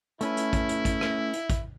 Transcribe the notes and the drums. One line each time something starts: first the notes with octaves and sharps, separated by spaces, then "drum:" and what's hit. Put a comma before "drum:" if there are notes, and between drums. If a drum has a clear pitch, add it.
A3 C#4 E4 B4, drum: hi-hat
drum: hi-hat
drum: kick, hi-hat
drum: hi-hat
drum: kick, hi-hat
drum: rim click
drum: hi-hat
drum: kick, hi-hat